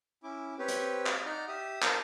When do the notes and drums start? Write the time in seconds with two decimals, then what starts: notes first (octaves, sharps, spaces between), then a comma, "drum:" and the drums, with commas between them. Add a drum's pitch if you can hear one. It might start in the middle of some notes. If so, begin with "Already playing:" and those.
0.23 C#4 E4 D6
0.59 C4 G4 B4 C#5
0.68 drum: hi-hat
1.06 drum: clap
1.26 D#4 D5 F#5 A#5 F6 G6
1.48 G4 E5 D#6
1.82 A#4 C5 A5 A#5, drum: clap